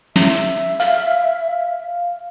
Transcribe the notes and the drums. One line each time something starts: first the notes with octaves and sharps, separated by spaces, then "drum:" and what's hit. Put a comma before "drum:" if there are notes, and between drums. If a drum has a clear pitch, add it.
E5, drum: snare
F5, drum: hi-hat